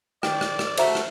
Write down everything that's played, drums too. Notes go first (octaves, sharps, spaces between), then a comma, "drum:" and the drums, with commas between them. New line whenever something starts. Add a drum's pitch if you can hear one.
D#3 D5 G5, drum: rim click
drum: rim click
drum: rim click
A3 F#4 A4 C5 E5 A#5, drum: cymbal
drum: rim click